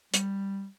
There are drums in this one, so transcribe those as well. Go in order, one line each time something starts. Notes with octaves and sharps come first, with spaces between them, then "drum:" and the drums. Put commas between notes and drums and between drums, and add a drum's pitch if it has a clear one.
G3, drum: hi-hat